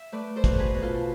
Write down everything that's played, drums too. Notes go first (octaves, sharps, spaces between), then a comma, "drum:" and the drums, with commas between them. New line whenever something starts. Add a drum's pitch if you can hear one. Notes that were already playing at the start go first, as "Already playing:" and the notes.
Already playing: E5
A3 B4 D5
A4 C5
B2, drum: kick, hi-hat
A4
G#4 B4
B2
F4 A4
A4